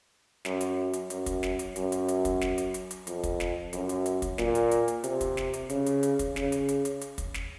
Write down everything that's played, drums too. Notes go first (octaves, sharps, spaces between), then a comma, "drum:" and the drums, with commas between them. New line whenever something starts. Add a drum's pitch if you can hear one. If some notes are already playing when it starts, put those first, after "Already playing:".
F#2, drum: snare
drum: hi-hat
drum: hi-hat
F#2, drum: hi-hat
drum: kick, hi-hat
drum: snare
drum: hi-hat
F#2, drum: hi-hat
drum: hi-hat
drum: hi-hat
drum: kick, hi-hat
drum: snare
drum: hi-hat
drum: hi-hat
drum: hi-hat
F2, drum: hi-hat
drum: kick, hi-hat
drum: snare
F#2, drum: hi-hat
drum: hi-hat
drum: hi-hat
drum: kick, hi-hat
A#2, drum: snare
drum: hi-hat
drum: hi-hat
drum: hi-hat
C3, drum: hi-hat
drum: kick, hi-hat
drum: snare
drum: hi-hat
C#3, drum: hi-hat
drum: hi-hat
drum: hi-hat
drum: kick, hi-hat
C#3, drum: snare
drum: hi-hat
drum: hi-hat
drum: hi-hat
drum: hi-hat
drum: kick, hi-hat
drum: snare